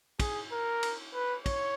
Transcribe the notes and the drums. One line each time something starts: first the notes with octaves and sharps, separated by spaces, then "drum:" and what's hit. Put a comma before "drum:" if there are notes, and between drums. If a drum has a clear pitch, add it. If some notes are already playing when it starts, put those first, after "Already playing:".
G#4, drum: kick, cymbal
A#4
drum: cymbal
B4
C#5, drum: kick, cymbal